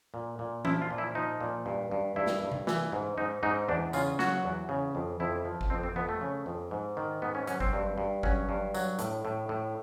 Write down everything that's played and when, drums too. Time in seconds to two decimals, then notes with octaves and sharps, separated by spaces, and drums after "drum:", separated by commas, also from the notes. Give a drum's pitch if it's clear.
0.14 A#2
0.39 A#2
0.65 F3 E4, drum: tom E3
0.82 F4
0.91 A#2
0.98 E4
1.15 F3 D#4
1.40 A#2
1.66 G2
1.91 G2
2.16 G2 E4
2.26 drum: snare
2.42 G2
2.52 drum: tom C3
2.67 E3, drum: snare
2.92 G#2
3.18 G#2 D#4
3.43 G#2 D#4
3.68 E2 D4
3.93 C#3 F4, drum: tambourine
4.19 F#3 F#4, drum: snare
4.44 E2
4.69 C#3
4.95 F2
5.20 F2 E4
5.45 F3
5.61 drum: kick G1
5.70 F2 C4
5.83 C4
5.96 F2 B3
6.09 A3
6.21 C#3
6.46 F2
6.71 G#2
6.97 D#3
7.22 G#2 B3
7.35 C#4
7.47 F#3 C#4, drum: hi-hat
7.60 C4, drum: kick G1
7.73 G2
7.98 G2
8.23 F#3 C#4, drum: kick G1
8.49 G2
8.74 F#3, drum: tambourine
8.99 A2, drum: hi-hat
9.25 A2
9.49 A2